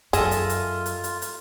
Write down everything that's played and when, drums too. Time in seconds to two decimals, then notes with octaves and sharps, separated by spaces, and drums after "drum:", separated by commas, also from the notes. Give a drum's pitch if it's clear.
0.13 F#2 F4 G#4 A4 D#5 E5, drum: hi-hat
0.31 drum: hi-hat
0.49 drum: hi-hat
0.86 drum: hi-hat
1.04 drum: hi-hat
1.22 drum: hi-hat